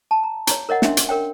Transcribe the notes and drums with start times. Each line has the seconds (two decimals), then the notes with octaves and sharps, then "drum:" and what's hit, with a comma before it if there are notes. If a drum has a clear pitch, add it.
0.11 A5
0.24 A#5
0.47 C#5 A#5, drum: hi-hat
0.69 A#4 C#5 D#5 F#5
0.82 C#4 D4 C#5 E5 C6, drum: snare
0.97 drum: hi-hat
1.09 A#4 C#5 G5